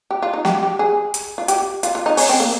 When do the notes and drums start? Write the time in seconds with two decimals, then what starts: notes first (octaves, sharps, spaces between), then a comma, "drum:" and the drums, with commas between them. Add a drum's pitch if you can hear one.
0.11 G4
0.22 F4
0.33 D#4
0.45 G4, drum: snare
0.63 G4
0.79 G#4
1.14 drum: hi-hat
1.38 F4
1.48 G4, drum: hi-hat
1.83 F4, drum: hi-hat
1.95 F4
2.06 D#4
2.17 C#4, drum: open hi-hat
2.29 C4
2.40 A#3